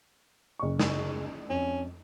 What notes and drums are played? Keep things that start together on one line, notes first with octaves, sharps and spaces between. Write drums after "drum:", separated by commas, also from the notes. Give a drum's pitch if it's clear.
F#1 C#6
drum: snare
F2 C#4